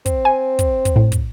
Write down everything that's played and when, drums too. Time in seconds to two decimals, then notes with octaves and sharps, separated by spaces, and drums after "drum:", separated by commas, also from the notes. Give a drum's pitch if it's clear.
0.06 C4, drum: kick, hi-hat
0.25 G#5
0.59 drum: kick, hi-hat
0.85 drum: kick, hi-hat
0.96 A2
1.12 drum: kick, hi-hat